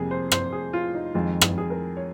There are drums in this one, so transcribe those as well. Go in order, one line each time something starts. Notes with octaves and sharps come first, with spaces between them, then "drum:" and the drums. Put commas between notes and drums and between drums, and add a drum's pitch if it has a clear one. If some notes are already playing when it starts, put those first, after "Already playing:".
Already playing: F2 C3 G3 A#3 G#4
C5
C5, drum: rim click
G#4
F4
D#4
F2 D#3 G#3 F4
G#4, drum: rim click
G#4
A#4
C#5